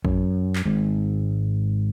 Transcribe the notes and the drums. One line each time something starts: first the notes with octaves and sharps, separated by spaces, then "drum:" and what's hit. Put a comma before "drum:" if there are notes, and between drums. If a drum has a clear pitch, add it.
F#2, drum: kick
drum: clap
G#1 G#2